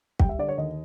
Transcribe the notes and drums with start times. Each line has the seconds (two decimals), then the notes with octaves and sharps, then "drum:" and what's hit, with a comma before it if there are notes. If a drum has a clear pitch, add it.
0.19 G3 G5, drum: kick
0.29 E5
0.39 D3 D5
0.49 C#5
0.58 D#2 D#5